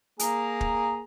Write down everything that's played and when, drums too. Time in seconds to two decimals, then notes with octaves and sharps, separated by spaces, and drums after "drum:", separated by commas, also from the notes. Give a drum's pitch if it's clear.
0.19 A#3 G#4 A#5, drum: hi-hat
0.61 drum: kick